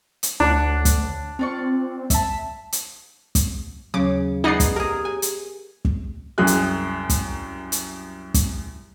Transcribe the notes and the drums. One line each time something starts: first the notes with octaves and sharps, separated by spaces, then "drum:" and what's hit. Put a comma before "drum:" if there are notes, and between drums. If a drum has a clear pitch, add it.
drum: hi-hat
D2 D4 C#5 F#5 D6
drum: kick, hi-hat
C4 F4 D5 C#6
E5 A5, drum: kick, hi-hat
drum: hi-hat
drum: kick, hi-hat
D#2 C#3 F#3 D6
B3 D#4 G#4 D5 D#5 C7
drum: kick, hi-hat
G4 G#4 A#4
G#5
drum: hi-hat
drum: kick
C2 F#2 G#4 F#6
drum: hi-hat
drum: kick, hi-hat
drum: hi-hat
drum: kick, hi-hat